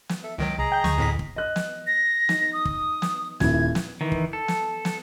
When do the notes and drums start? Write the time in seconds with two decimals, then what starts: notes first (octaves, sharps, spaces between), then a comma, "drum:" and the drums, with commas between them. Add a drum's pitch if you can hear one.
0.09 drum: snare
0.24 A4 E5
0.38 C#2 D#3 F#3 D#5 G5
0.58 C2 G#4 D#5 A#5
0.72 G5 G6
0.84 D2 C#6, drum: snare
0.98 F2 A2 B6
1.19 drum: kick
1.36 D#5 F#6
1.56 drum: snare
1.87 A#6
2.29 D#4, drum: snare
2.53 D#6
2.65 drum: kick
3.02 drum: snare
3.40 D#1 D#3 E4 G#6, drum: snare
3.75 drum: snare
4.01 D#3 E3
4.12 drum: kick
4.33 A4
4.48 drum: snare
4.85 drum: snare